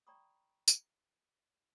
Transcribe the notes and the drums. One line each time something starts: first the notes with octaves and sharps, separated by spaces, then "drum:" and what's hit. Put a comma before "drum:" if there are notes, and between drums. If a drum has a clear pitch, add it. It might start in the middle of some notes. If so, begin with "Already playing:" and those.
D5 G5 A#5 B5 C#6 D#6
drum: tambourine